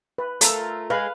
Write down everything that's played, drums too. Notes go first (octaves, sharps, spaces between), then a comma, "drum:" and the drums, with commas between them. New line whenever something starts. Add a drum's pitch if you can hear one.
B4
A3 F4 A4 A#4, drum: hi-hat
G#3 B4 F5 B5